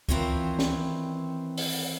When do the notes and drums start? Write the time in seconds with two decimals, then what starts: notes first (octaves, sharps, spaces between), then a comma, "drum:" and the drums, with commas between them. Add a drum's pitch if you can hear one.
0.09 D#3 E3 C4 F4 C5 C#5, drum: kick C#2
0.59 drum: snare
1.57 drum: open hi-hat